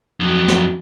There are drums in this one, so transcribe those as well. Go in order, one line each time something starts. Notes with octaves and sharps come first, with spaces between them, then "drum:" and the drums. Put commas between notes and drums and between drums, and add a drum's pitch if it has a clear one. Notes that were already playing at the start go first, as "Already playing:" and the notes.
F2 F#3
drum: snare